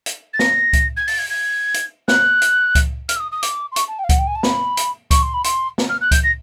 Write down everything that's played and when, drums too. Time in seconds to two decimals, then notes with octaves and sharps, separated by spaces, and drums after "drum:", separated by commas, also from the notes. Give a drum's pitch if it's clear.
0.06 drum: hi-hat
0.34 A6
0.39 A#6, drum: snare
0.73 drum: kick C#2, hi-hat
0.97 G#6
1.08 A6, drum: open hi-hat
1.19 G#6
1.30 G#6
1.74 drum: hi-hat
2.08 F#6, drum: snare
2.42 drum: hi-hat
2.75 drum: kick C#2, hi-hat
3.09 F6, drum: hi-hat
3.16 E6
3.20 D#6
3.32 D#6
3.42 D6, drum: hi-hat
3.72 C6
3.76 C#6, drum: hi-hat
3.88 A5
3.99 G5
4.04 F5
4.09 F#5, drum: kick C#2, hi-hat
4.18 G5
4.27 G#5
4.35 A5
4.43 B5, drum: snare
4.77 drum: hi-hat
5.11 C#6, drum: kick C#2, hi-hat
5.23 C6
5.34 B5
5.44 C6, drum: hi-hat
5.78 drum: snare
5.89 F6
6.01 F#6
6.11 G6, drum: kick C#2, hi-hat
6.24 A#6